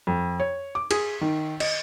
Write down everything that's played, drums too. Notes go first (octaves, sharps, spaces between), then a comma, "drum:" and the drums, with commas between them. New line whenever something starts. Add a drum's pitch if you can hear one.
F2
C#5
D6
G#4, drum: cymbal
D#3
D#5, drum: cymbal